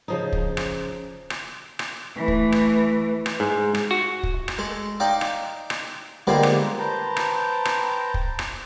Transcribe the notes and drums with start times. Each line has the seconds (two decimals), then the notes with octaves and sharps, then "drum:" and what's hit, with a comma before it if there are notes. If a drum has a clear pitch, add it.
0.08 C#3 F3 D#4
0.33 drum: kick
0.57 drum: rim click
1.30 drum: rim click
1.79 drum: rim click
2.16 E3 A3
2.28 drum: kick
2.52 drum: rim click
3.26 drum: rim click
3.40 G#2
3.75 drum: rim click
3.91 F#4
4.23 drum: kick
4.48 drum: rim click
4.58 G#3 A4
5.00 D#4 D5 F5 G5
5.21 drum: rim click
5.70 drum: rim click
6.27 D3 F3 G3 G#3 A#3 B3
6.43 drum: rim click
6.78 B4 C5 G5 A5 A#5
7.17 drum: rim click
7.65 drum: rim click
8.14 drum: kick
8.39 drum: rim click